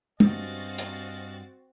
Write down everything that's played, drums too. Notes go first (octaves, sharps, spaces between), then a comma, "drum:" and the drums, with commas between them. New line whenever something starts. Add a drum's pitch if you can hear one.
G2 C4 F#4 D#5 F5 G#5 A6, drum: tom
drum: hi-hat